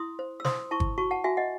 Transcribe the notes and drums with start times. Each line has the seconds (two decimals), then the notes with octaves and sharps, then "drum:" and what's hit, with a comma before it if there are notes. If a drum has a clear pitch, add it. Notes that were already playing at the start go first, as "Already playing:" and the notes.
Already playing: E4 C6 D#6
0.19 C5
0.40 E6
0.45 C5 C6 D#6, drum: snare
0.71 E4 A5 C#6
0.80 drum: kick G1
0.98 F#4 A5 C#6
1.11 F#5 A5
1.24 F#4 E5 G#5
1.37 D#5 F#5